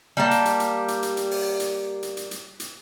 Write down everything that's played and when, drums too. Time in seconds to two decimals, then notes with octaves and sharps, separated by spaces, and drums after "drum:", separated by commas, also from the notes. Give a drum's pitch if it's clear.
0.17 G3 A#3 A5
0.31 drum: hi-hat
0.45 drum: hi-hat
0.60 drum: hi-hat
0.88 drum: hi-hat
1.03 drum: hi-hat
1.17 drum: hi-hat
1.31 drum: open hi-hat
1.60 drum: hi-hat
2.03 drum: hi-hat
2.17 drum: hi-hat
2.31 drum: hi-hat
2.60 drum: hi-hat